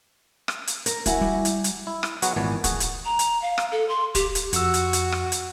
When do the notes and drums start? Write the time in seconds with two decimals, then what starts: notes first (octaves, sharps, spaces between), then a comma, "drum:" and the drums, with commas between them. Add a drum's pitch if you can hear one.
0.48 drum: rim click
0.67 drum: hi-hat
0.86 A#4, drum: hi-hat
1.06 E4 F#4 G#5, drum: kick, hi-hat
1.21 G3
1.45 drum: hi-hat
1.64 drum: hi-hat
1.87 E4
2.03 drum: rim click
2.22 F#3 B3 F#4 G#4 F#5, drum: hi-hat
2.36 G#1 A#2 E3 B3 G#5 A5
2.64 F#4 G#4, drum: kick, hi-hat
2.80 drum: hi-hat
3.05 A#5
3.19 drum: hi-hat
3.42 F5
3.58 drum: rim click
3.72 A4
3.89 C6
4.15 G4, drum: kick, hi-hat
4.35 drum: hi-hat
4.53 F2 F#4 E6, drum: hi-hat
4.74 drum: hi-hat
4.93 drum: hi-hat
5.12 drum: rim click
5.32 drum: hi-hat